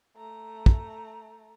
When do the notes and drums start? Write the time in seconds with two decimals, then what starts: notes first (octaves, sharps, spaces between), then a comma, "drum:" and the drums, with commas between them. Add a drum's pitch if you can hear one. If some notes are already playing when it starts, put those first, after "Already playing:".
0.16 A3 A#5
0.66 drum: kick